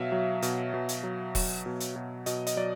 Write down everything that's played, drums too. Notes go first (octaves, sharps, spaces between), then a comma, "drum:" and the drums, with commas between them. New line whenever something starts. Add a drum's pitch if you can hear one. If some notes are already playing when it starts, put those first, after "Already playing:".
Already playing: B2 F#3 E5 F5
F#3
B2, drum: hi-hat
B2
drum: hi-hat
F#3
F#3, drum: kick E1, open hi-hat
B2
drum: hi-hat
B2
B2 D#5, drum: hi-hat
D#5, drum: hi-hat
F#3 D5